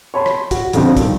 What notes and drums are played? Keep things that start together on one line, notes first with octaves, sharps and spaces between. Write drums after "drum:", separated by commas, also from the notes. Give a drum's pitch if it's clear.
C#5 A5 B5 C6
drum: rim click
F#4, drum: kick, hi-hat
F2 B2 D3 C4, drum: hi-hat
G2 D#3, drum: kick, hi-hat